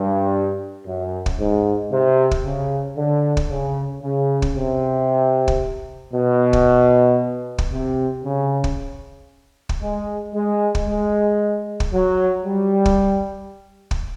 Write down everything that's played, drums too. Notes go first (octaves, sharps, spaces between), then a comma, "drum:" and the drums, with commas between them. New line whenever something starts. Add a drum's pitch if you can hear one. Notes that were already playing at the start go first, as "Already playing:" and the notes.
Already playing: G2
F#2
drum: kick
G#2
C3
drum: kick
C#3
D3
drum: kick
C#3
C#3
drum: kick
C3
drum: kick
B2
drum: kick
drum: kick
C3
C#3
drum: kick
drum: kick
G#3
G#3
drum: kick
G#3
drum: kick
F#3
G3
drum: kick
drum: kick